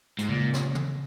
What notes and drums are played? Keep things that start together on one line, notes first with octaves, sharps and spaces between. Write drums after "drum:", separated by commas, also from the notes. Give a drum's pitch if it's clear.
G#2, drum: hi-hat
A#2 C#3
drum: snare
drum: tom